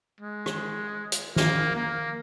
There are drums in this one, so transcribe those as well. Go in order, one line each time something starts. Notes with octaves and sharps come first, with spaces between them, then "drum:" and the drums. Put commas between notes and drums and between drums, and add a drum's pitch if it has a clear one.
G#3
drum: rim click
drum: hi-hat
A#3, drum: snare
A#3